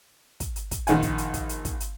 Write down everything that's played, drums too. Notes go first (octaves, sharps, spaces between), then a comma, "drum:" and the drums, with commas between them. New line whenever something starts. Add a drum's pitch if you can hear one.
drum: kick, hi-hat
drum: hi-hat
drum: kick, hi-hat
A#1 D#3 F#5 G#5, drum: hi-hat
drum: kick, hi-hat
drum: hi-hat
drum: kick, hi-hat
drum: hi-hat
drum: kick, hi-hat
drum: hi-hat